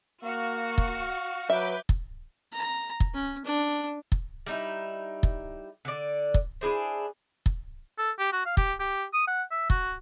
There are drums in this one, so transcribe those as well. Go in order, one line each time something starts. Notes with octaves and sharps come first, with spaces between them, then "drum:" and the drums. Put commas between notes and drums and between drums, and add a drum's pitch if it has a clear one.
A#3 F#4 F5
drum: kick
F#3 B4 E5 D6 G6
drum: kick
A#5
drum: kick
C#4
D4
drum: kick
G3 D#4 E4
drum: kick
D3 D5
drum: kick
D4 E4 G#4 C5
drum: kick
A4
G4
F#4
F5
G4, drum: kick
G4
D#6
F#5
E5
F#4, drum: kick